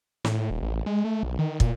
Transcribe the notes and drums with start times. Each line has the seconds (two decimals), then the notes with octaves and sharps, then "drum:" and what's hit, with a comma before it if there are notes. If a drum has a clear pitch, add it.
0.25 A2, drum: snare
0.50 D#1
0.62 A1
0.86 G#3
1.05 A3
1.23 B1
1.39 D#3
1.60 A#2, drum: kick